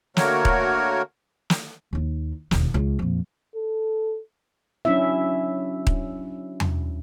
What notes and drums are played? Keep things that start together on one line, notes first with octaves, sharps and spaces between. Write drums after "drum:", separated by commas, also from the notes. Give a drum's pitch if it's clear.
D3 A3 A#3 F#4 A#4 C#5, drum: snare
drum: kick D#1
drum: snare
D#2 D#4
E1 D#2, drum: snare
C#2
F2 A#2
A4
F#3 C#4 D4 E4 E5
drum: kick D#1
drum: tom E2